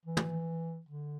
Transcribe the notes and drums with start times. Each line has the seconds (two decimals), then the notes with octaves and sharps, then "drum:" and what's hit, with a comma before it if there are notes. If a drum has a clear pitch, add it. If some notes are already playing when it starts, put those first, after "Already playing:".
0.06 E3
0.17 drum: tom
0.89 D3